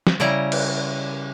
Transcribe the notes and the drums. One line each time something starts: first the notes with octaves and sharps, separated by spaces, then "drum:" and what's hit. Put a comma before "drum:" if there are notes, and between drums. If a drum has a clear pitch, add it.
drum: snare
C#3 G3 E4 A#5
drum: cymbal